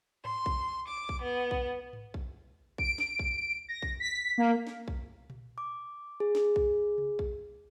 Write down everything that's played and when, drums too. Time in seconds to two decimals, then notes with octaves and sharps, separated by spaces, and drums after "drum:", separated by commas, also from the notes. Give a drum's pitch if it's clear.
0.25 C6, drum: tom G#2
0.46 drum: kick A#1
0.88 D6
1.09 drum: kick A#1
1.22 B3
1.51 drum: kick A#1
1.93 drum: tom G#2
2.14 drum: kick A#1
2.78 D7, drum: kick A#1
2.98 drum: snare
3.19 drum: kick A#1
3.69 A#6
3.82 drum: kick A#1
4.00 B6
4.38 A#3
4.67 drum: snare
4.88 drum: kick A#1
5.30 drum: tom A#2
5.58 D6
6.20 G#4
6.35 drum: snare
6.56 drum: kick A#1
6.98 drum: tom C3
7.19 drum: kick A#1